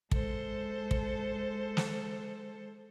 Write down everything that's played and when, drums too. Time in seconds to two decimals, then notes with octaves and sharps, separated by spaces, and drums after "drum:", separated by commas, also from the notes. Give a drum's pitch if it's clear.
0.11 G#3 A4 C5, drum: kick
0.91 drum: kick
1.77 drum: snare